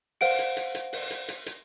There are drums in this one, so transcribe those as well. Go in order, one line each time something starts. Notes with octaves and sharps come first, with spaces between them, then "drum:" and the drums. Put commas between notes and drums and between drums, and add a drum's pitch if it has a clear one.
C5 F5 F#5 D7, drum: open hi-hat
drum: hi-hat
drum: hi-hat
drum: hi-hat
drum: open hi-hat
drum: hi-hat
drum: hi-hat
drum: hi-hat